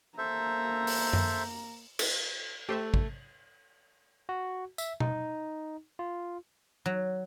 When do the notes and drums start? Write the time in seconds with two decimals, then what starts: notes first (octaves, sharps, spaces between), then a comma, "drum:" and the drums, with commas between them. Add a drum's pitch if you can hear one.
0.18 A#3 A4 C5 E5 A#5
0.87 drum: open hi-hat
1.13 drum: tom F#2
1.99 drum: cymbal
2.69 A3 G4 C5 E5
2.94 G2, drum: kick
4.29 F#4
4.78 E5, drum: tambourine
5.00 D#4, drum: tom B2
5.99 F4
6.86 F#3